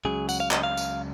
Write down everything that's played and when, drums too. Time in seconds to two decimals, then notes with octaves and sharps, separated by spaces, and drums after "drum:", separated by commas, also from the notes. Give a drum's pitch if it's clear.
0.05 C#2 C#3 F#3 G#4
0.29 F#5, drum: tambourine
0.40 F5
0.51 D#5, drum: clap
0.63 F5
0.77 drum: tambourine